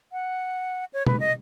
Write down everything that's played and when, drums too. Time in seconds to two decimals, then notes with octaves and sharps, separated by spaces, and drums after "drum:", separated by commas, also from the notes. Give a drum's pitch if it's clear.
0.12 F#5
0.93 C#5
1.07 B4, drum: tom
1.20 D#5